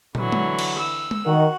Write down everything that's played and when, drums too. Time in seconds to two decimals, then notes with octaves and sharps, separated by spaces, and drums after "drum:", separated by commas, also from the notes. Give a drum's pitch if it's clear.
0.15 D3 E3 F#3, drum: tom
0.32 drum: tom G#3
0.59 drum: cymbal
0.79 E6
1.11 drum: tom G#3
1.26 D#3 F#4